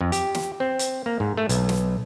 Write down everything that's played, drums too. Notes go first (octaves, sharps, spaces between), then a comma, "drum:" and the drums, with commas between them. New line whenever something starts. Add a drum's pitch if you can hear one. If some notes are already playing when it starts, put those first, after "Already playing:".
F2
G4, drum: hi-hat
drum: snare
C4
drum: hi-hat
A#3
G#2
A3
B1, drum: hi-hat
drum: snare